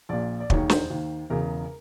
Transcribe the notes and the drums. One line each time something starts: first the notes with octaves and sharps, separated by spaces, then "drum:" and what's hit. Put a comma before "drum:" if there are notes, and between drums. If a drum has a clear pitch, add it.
A#1 A#2 D5
D5
E1 D#2 D#3 C#5, drum: kick
C5, drum: snare
D#2 D#3
E1 E2 C#3 A#4